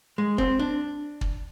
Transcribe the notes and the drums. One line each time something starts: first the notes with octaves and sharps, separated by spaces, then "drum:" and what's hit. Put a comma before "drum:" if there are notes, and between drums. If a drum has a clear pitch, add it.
G#3
C4, drum: kick
D4
drum: kick